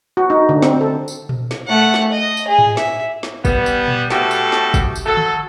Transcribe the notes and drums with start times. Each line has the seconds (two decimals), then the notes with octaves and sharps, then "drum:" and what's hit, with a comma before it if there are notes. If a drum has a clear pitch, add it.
0.17 F#4
0.30 D#4
0.49 D3
0.62 C4, drum: snare
0.81 A4
1.08 drum: tambourine
1.29 drum: tom A#2
1.51 drum: snare
1.68 A3 F#5
1.94 drum: snare
2.12 D#5
2.37 drum: tambourine
2.48 G#4
2.59 drum: tom G#2
2.77 E5, drum: snare
3.23 drum: snare
3.45 G3 B3, drum: kick, tambourine
3.66 drum: tambourine
3.88 drum: tom A#2
4.10 B2 A3 F#4 G4 A4, drum: snare
4.31 drum: tambourine
4.52 drum: snare
4.74 drum: kick, tambourine
4.95 drum: tambourine
5.06 F#3 F#4 A4
5.17 drum: tom D3